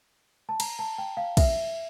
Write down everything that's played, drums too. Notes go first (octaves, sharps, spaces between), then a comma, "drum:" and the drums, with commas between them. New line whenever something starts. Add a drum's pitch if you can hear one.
A5
A#5, drum: cymbal
A5
G5
F5
E5, drum: kick, cymbal